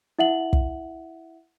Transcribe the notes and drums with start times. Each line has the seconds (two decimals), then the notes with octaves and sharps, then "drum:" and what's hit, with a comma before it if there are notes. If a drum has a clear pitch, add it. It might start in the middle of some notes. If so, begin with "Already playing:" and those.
0.19 E4 E5 F#5 F#7
0.53 drum: kick